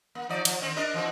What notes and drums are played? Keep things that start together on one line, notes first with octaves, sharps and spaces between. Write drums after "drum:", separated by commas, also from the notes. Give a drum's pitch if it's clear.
A#3
F3 D#4 D5
F3, drum: cymbal
D#3 C4
D4 A#4 D#5
E3 C4 F#4